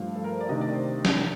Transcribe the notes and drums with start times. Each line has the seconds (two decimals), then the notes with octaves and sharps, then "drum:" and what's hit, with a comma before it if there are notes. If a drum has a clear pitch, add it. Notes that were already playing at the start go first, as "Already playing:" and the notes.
Already playing: G2 F3 A3 F5
0.16 A4
0.24 A#4
0.32 C5
0.40 D5
0.49 C3 D#3 A3 D4 D#5
0.61 D5
0.73 C5
1.05 drum: snare